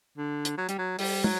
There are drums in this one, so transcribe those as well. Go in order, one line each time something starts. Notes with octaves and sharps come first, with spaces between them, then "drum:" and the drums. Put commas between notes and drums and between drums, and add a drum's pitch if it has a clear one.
D3
drum: hi-hat
F#3
G3, drum: hi-hat
F#3
G3, drum: open hi-hat
F#3, drum: tom